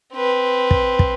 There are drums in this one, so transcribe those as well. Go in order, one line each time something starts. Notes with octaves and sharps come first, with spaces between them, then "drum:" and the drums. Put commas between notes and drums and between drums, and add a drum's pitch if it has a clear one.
C4 B4
drum: kick
drum: kick